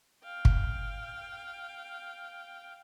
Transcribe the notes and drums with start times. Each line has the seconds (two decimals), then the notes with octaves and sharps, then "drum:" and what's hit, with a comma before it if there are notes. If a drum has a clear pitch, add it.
0.23 F5 G5
0.45 drum: kick